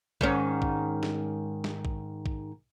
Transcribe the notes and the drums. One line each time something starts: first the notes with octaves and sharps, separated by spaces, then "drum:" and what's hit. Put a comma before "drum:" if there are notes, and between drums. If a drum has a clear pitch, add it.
G#2 D#3 C#4, drum: kick A#1
drum: kick A#1
drum: snare
drum: snare
drum: kick A#1
drum: kick A#1